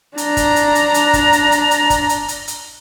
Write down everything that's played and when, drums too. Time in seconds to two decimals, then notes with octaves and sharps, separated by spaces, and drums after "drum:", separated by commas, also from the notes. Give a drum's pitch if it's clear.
0.18 D4 A#5, drum: hi-hat
0.37 drum: kick, hi-hat
0.56 drum: hi-hat
0.75 drum: hi-hat
0.94 drum: hi-hat
1.13 drum: kick, hi-hat
1.33 drum: hi-hat
1.52 drum: hi-hat
1.71 drum: hi-hat
1.90 drum: kick, hi-hat
2.09 drum: hi-hat
2.28 drum: hi-hat
2.48 drum: hi-hat